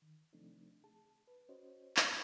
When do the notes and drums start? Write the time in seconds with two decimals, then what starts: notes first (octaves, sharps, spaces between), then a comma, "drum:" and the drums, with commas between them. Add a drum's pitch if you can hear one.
0.02 D#3
0.33 C3 F3 A3 C4 D4 D#4
0.84 G#4 A5
1.27 B4
1.49 C#4 F#4 C5 C#5 D#5
1.97 drum: clap